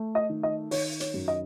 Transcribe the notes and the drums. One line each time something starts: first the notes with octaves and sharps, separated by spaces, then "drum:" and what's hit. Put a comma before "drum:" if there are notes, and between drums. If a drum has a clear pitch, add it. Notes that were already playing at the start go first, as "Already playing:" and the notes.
Already playing: A3
D#5
D#3
D#5
D#3 C#5, drum: open hi-hat
C#5, drum: hi-hat
F#2
D#5